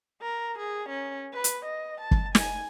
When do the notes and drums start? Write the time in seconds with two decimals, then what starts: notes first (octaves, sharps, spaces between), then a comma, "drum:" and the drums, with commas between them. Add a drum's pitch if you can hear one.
0.22 A#4
0.58 G#4
0.89 C#4
1.34 B4
1.44 drum: hi-hat
1.65 D#5
2.01 A5
2.11 drum: kick F#1
2.35 G#5, drum: snare